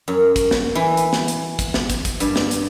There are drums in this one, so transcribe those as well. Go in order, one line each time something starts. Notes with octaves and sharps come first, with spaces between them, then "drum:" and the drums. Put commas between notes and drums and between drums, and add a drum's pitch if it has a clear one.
F#2
drum: kick, hi-hat
drum: snare
E3
drum: hi-hat
drum: snare
drum: hi-hat
drum: kick, hi-hat
drum: snare
drum: kick, hi-hat
drum: kick, hi-hat
G2, drum: hi-hat
drum: snare
drum: hi-hat